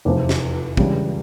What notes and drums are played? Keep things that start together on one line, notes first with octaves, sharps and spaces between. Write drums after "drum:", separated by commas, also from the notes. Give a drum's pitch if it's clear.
F1 E2 C3 F3
drum: snare
C#2 C#3 E3 G3 C#4, drum: kick